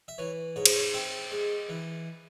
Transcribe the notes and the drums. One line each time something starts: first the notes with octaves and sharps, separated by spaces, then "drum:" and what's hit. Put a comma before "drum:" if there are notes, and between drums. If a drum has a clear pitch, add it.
E5
E3 C#5
G#2 C#5
C5, drum: cymbal
C#5
C4 E5
G#3
E3